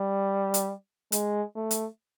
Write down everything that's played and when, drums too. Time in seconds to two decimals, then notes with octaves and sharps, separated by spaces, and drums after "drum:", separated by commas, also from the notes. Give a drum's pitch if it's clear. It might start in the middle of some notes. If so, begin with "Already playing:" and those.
Already playing: G3
0.54 drum: hi-hat
1.12 G#3, drum: hi-hat
1.56 A3
1.71 drum: hi-hat